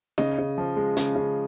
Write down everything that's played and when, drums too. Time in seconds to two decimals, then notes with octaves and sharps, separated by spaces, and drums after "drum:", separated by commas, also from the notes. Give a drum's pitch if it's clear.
0.18 C#3 D#5, drum: snare D#4
0.38 C#3
0.58 F3
0.76 G#3
0.97 C#3, drum: hi-hat
1.16 C#3